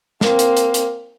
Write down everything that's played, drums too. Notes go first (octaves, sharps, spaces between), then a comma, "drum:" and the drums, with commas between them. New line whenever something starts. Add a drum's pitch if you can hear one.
A#3 C4, drum: snare
drum: hi-hat
drum: hi-hat
drum: hi-hat